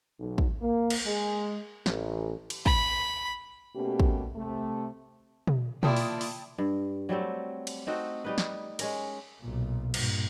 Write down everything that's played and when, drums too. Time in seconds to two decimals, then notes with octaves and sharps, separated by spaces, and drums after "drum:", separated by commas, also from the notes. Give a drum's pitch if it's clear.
0.19 B1
0.38 drum: kick
0.61 A#3
0.90 drum: cymbal
1.05 G#3
1.86 A1, drum: snare
2.50 drum: cymbal
2.66 B5, drum: kick
3.75 B2 A3 A#3 C#4 G4
4.00 drum: kick
4.36 C3 A3
5.47 drum: tom
5.83 A#3 E4 F4 D5 G5 A5 D#6, drum: tom
5.96 drum: open hi-hat
6.21 drum: open hi-hat
6.58 G2
7.09 F#3 G3 A3 C4
7.67 drum: cymbal
7.87 A3 C4 D#4 F#4
8.24 G3 D#4 B4
8.38 drum: snare
8.79 G#3 C#4 A#4, drum: cymbal
9.40 B1 A#2
9.94 G2 A#2, drum: cymbal